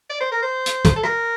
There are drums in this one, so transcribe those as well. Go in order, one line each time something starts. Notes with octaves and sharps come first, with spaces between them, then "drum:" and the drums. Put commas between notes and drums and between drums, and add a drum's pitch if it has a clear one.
D5
C5
A#4
C5
drum: hi-hat
drum: kick, hi-hat
A4
A#4, drum: rim click